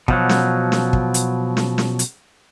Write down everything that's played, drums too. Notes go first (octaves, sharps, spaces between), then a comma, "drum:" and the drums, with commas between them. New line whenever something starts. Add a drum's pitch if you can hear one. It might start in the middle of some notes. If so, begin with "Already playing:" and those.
B2 F3 F#3, drum: kick
drum: snare
drum: snare
drum: kick
drum: hi-hat
drum: snare
drum: snare
drum: hi-hat